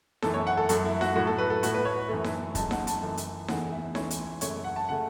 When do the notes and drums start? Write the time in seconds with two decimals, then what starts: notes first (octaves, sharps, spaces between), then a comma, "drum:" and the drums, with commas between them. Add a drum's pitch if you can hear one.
0.22 F#2 E3 A3 A4, drum: snare D#4
0.34 C#5
0.47 F#5
0.57 A4
0.69 F#2 F#3 A3 A4, drum: hi-hat
0.85 E4
1.01 F#4, drum: snare D#4
1.15 A2 F#3 A3 F#4
1.27 A4
1.39 B4
1.50 A4
1.63 A2 A3 F#4, drum: hi-hat
1.75 B4
1.85 C#5
2.09 F#2 E3 A3
2.24 drum: snare D#4
2.55 C#2 C#3 F#3 A5, drum: kick, hi-hat
2.71 F#5, drum: snare D#4
2.87 A5, drum: hi-hat
3.03 F#2 E3 A3
3.17 drum: hi-hat
3.48 E2 C#3 E3 A3 F#5, drum: snare D#4
3.72 E5
3.95 C#2 C#3 E3 A3 C#5, drum: snare D#4
4.11 drum: hi-hat
4.41 F#2 C#3 A3 C#5, drum: hi-hat
4.64 F#5
4.76 A5
4.89 C#3 A3 F#5